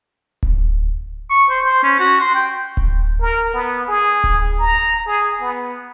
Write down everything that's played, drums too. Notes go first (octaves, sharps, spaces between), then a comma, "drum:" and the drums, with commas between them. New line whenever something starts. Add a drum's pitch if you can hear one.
drum: kick D1
C#6
C5
C5
C#4
F#4
C6
G5
drum: kick D1
A#4
B3
G#4
drum: kick D1
A#5
G#4
B3